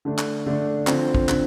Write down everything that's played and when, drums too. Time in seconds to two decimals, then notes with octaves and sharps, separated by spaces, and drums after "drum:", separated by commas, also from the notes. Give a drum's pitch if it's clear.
0.05 D3 A3 D4
0.18 drum: clap
0.46 D3 A3 D4
0.87 D3 F3 C4, drum: clap
1.15 drum: kick
1.29 D3 F3 C4, drum: clap